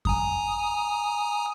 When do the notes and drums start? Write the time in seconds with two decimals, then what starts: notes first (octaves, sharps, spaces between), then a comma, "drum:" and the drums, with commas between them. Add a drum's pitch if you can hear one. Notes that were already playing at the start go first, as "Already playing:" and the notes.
0.05 G#5 A#5 D#6, drum: kick F2